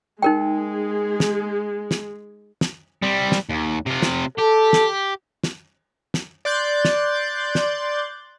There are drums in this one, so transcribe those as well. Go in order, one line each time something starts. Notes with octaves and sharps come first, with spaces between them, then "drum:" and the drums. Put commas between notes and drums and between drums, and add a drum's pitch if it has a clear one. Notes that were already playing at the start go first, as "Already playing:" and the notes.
G#3 D#4 G#4 A#4 G5
drum: snare
drum: snare
drum: snare
G3 C4
drum: snare
D#2
C3 F4
drum: snare
G4 A4
drum: snare
drum: snare
drum: snare
D5 C6 F#6 G6 A6
drum: snare
drum: snare